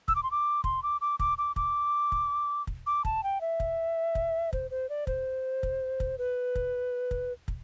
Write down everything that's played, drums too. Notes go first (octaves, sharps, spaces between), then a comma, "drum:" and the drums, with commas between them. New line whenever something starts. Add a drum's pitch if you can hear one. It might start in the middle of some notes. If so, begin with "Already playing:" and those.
E6, drum: kick
D6
C6
D6
C6, drum: kick
D6
D6
D6, drum: kick
D6
D6, drum: kick
drum: kick
drum: kick
D6
A5, drum: kick
G5
E5
drum: kick
drum: kick
C5, drum: kick
C5
D5
C5, drum: kick
drum: kick
drum: kick
B4
drum: kick
drum: kick
drum: kick